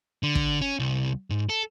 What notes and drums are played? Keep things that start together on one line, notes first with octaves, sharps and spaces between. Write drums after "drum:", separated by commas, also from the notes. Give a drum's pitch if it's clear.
D3
drum: kick
C#4
C2
G#2
A4